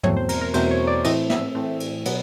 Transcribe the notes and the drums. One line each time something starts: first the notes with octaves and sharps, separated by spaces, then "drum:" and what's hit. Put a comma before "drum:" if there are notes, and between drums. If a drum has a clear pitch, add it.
E2 B2 F#3 A3 C4 C#5, drum: tom
C5
A#4, drum: cymbal
A#4
E2 B2 F#3 A3 C4 C5, drum: cymbal
C#5
D5
A2 E3 A3 C4 D#5, drum: cymbal
E5, drum: snare
A2 E3 A3 C4
drum: cymbal
B2 F#3 B3, drum: cymbal